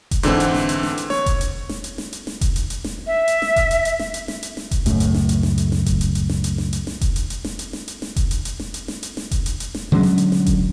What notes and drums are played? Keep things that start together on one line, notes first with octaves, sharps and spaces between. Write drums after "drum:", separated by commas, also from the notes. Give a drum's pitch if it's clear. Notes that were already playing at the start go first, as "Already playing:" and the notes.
drum: kick F1, hi-hat
G#2 D3 E3 C4, drum: hi-hat
drum: hi-hat
drum: snare
drum: hi-hat
drum: snare
drum: hi-hat
C#5, drum: snare
drum: kick F1, hi-hat
drum: hi-hat
drum: snare
drum: hi-hat
drum: snare
drum: hi-hat
drum: snare
drum: kick F1, hi-hat
drum: hi-hat
drum: hi-hat
drum: snare
E5
drum: hi-hat
drum: snare
drum: kick F1, hi-hat
drum: hi-hat
drum: hi-hat
drum: snare
drum: hi-hat
drum: snare
drum: hi-hat
drum: snare
drum: kick F1, hi-hat
C#2 F#2 A2 A3, drum: hi-hat
drum: hi-hat
drum: snare
drum: hi-hat
drum: snare
drum: hi-hat
drum: snare
drum: kick F1, hi-hat
drum: hi-hat
drum: hi-hat
drum: snare
drum: hi-hat
drum: snare
drum: hi-hat
drum: snare
drum: kick F1, hi-hat
drum: hi-hat
drum: hi-hat
drum: snare
drum: hi-hat
drum: snare
drum: hi-hat
drum: snare
drum: kick F1, hi-hat
drum: hi-hat
drum: hi-hat
drum: snare
drum: hi-hat
drum: snare
drum: hi-hat
drum: snare
drum: kick F1, hi-hat
drum: hi-hat
drum: hi-hat
drum: snare
D3 F#3 G#3 C#4
drum: snare
drum: hi-hat
drum: snare
drum: kick F1, hi-hat